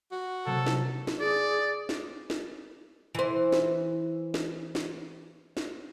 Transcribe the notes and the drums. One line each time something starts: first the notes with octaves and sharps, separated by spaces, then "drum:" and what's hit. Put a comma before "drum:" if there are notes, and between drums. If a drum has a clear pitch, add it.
F#4
C3 F#3 A#3 A4
drum: snare
drum: snare
G#4 D5
drum: snare
drum: snare
E3 C5
drum: snare
drum: snare
drum: snare
drum: snare